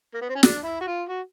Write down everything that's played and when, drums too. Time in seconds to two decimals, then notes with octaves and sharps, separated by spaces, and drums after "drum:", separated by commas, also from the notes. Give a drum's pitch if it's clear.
0.14 A#3
0.22 B3
0.29 C4
0.35 C#4
0.43 D4, drum: snare
0.64 E4
0.81 F#4
0.88 F4
1.09 F#4